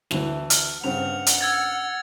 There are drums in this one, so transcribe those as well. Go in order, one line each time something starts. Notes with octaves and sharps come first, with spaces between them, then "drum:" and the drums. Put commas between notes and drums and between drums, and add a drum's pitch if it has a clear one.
D2 E3, drum: snare
F6, drum: hi-hat
G2 C#3 C4 F#5 F7
drum: hi-hat
E6 G#6 A6